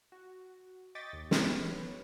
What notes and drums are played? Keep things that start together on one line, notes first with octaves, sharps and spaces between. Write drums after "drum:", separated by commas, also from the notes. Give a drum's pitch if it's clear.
F#4
D#5 G5 C#6 D6 A6 B6
D#2
B3 G4 B4 C#5, drum: snare